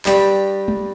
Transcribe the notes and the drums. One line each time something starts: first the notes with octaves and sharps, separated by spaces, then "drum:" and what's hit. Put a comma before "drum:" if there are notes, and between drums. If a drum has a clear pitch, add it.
G2 G3 G4, drum: clap
drum: tom G#3